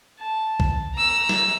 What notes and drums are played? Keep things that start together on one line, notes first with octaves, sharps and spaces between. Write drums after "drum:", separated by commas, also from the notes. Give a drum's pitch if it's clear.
A5
drum: kick B1
A#5 E6
drum: snare